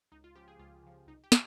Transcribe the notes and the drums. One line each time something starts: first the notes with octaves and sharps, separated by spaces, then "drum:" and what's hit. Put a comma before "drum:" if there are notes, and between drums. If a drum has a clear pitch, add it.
C#2 D#4
F4
C#3 F3 G4
G#4
C#2 F4
C#3 F3
C2 D#4
G4
A#2, drum: snare